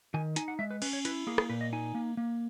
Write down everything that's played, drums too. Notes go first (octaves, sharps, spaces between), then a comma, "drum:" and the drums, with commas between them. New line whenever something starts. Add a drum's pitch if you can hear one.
D#3 G#5
D#4 G#5, drum: hi-hat
F#5
G#3 E5
B4
C#4 B4, drum: cymbal
C#5
E4 B4, drum: hi-hat
A#3 G#4
G#4, drum: rim click
A#2 B4
D#5
D#4 G#5
A#3
A#3